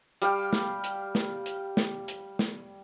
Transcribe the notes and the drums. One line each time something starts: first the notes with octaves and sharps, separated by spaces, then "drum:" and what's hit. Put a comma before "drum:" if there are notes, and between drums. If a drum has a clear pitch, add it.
G3 F5 G5, drum: hi-hat
drum: snare
drum: hi-hat
drum: snare
drum: hi-hat
drum: snare
drum: hi-hat
drum: snare